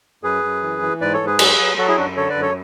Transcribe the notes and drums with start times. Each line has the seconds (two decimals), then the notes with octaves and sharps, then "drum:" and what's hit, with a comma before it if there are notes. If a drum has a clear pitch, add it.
0.23 F#2 G#4 B4
0.44 F#2
0.63 E3
0.82 E3
1.01 G#2 B4 D5
1.13 A4 C#5
1.21 G#2
1.26 G#4 B4
1.39 F#3, drum: cymbal
1.59 F#3
1.78 F#3 F#4 A4
1.88 E4 G#4
1.97 F#2 D4 F#4
2.16 D3 A4 C#5
2.29 B4 D5
2.35 F#2
2.42 A4 C#5